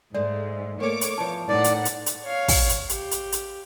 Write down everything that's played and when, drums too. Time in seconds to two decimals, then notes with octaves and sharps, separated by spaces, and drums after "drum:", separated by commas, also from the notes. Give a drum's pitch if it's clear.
0.14 G#2 G#3 A3 D5
0.80 A3 A#3 C#5 D6
1.01 drum: hi-hat
1.18 E2 F3 A5
1.49 A2 D#3 D5 F#5
1.64 drum: hi-hat
1.85 drum: hi-hat
2.06 drum: hi-hat
2.23 C#5 F5
2.48 drum: kick, open hi-hat
2.69 drum: hi-hat
2.89 G4, drum: hi-hat
3.11 drum: hi-hat
3.32 drum: hi-hat